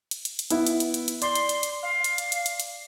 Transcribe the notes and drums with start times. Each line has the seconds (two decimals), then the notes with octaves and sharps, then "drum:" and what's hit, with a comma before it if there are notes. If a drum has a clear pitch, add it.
0.11 drum: hi-hat
0.25 drum: hi-hat
0.39 drum: hi-hat
0.50 B3 E4 E5, drum: hi-hat
0.67 drum: hi-hat
0.80 drum: hi-hat
0.94 drum: hi-hat
1.08 drum: hi-hat
1.22 D5 C6, drum: hi-hat
1.35 drum: hi-hat
1.49 drum: hi-hat
1.63 drum: hi-hat
1.82 F5
2.04 drum: hi-hat
2.18 drum: hi-hat
2.32 drum: hi-hat
2.46 drum: hi-hat
2.60 drum: hi-hat